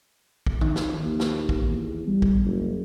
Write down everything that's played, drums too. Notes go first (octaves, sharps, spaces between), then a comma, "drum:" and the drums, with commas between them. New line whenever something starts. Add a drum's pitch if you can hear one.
drum: kick
D#3, drum: tom E3
drum: snare
D#2
drum: snare
drum: kick
E2
G3
drum: kick
F#1